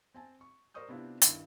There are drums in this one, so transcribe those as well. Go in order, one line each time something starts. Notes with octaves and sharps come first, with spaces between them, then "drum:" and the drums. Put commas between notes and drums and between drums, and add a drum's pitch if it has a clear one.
C4 G#5 A5
C#6
A#4 C5 D5 C#6 D#6 G6
C3 B3 C4 D4 E4 F4
G2 D#3 E4, drum: hi-hat